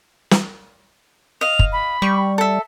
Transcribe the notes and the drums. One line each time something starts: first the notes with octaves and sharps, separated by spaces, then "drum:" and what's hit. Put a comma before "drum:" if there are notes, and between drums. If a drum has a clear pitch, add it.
drum: snare
D#5 F5 F7
drum: kick
B5
G3 C#6
A4 E5